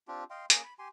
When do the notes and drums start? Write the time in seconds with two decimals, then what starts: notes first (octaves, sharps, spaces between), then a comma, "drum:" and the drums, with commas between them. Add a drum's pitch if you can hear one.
0.08 C4 D4 F4 G4
0.30 D#5 F5 G5 C6
0.50 A#3 C#4 G#4, drum: hi-hat
0.64 B5
0.79 G4 G#5 C6